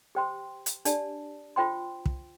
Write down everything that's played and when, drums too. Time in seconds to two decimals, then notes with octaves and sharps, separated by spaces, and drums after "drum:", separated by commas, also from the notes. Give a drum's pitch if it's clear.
0.15 G4 C5 G5 C6
0.66 drum: hi-hat
0.85 D4 G4 D5 A5, drum: hi-hat
1.56 F4 C5 G5 C6
2.06 drum: kick